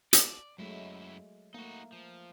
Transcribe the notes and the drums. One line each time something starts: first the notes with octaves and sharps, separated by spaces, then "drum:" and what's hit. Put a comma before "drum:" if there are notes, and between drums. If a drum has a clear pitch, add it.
D5, drum: hi-hat
F#2 F#3 G#3 A3 E4
A3 A#3 D#4 F#4
F3